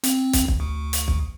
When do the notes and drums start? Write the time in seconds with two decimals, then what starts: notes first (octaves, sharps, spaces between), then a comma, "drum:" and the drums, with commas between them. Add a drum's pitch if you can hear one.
0.04 C4, drum: hi-hat
0.33 drum: kick, hi-hat
0.48 drum: kick
0.60 D2
0.93 drum: hi-hat
1.08 drum: kick